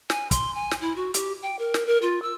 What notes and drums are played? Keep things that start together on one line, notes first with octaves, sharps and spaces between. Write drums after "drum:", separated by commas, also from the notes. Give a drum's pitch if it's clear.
G#5, drum: snare
C6, drum: kick, hi-hat
G#5
drum: snare
E4
F#4
G4, drum: hi-hat
G5
A#4
drum: snare
A#4
F4
E6